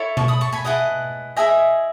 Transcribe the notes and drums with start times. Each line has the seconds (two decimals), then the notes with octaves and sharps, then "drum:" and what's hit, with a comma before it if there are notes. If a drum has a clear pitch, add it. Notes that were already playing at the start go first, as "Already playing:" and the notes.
Already playing: E4 A4 C#5
0.17 A5 C#6, drum: tom B2
0.28 B5 D#6
0.41 A5 C#6
0.53 G#5 B5
0.64 E4 G#4 B4 D#5 F#5 A5
1.37 E4 G#4 D#5 E5 G#5